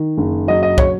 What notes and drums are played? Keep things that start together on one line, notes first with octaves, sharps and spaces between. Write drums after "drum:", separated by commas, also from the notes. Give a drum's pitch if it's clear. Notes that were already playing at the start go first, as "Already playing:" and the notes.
Already playing: D#3
F#1
F#3 D#5
D#5
C#5, drum: kick